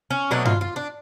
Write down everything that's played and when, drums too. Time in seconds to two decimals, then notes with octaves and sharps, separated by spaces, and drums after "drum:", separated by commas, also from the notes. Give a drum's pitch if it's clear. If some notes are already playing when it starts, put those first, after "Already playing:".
0.11 C#4
0.31 B2 F#3 A3 D4
0.45 F4, drum: tom G2
0.61 F4
0.76 D4